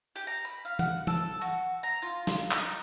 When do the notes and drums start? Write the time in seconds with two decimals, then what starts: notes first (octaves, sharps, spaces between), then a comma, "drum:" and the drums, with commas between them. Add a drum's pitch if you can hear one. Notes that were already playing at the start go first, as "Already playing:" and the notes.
0.16 G4
0.27 A#5
0.45 B5
0.65 F5
0.79 F#5, drum: tom E3
1.07 A4, drum: tom E3
1.41 F#4
1.83 A#5
2.02 F4
2.27 drum: snare
2.51 D#4, drum: clap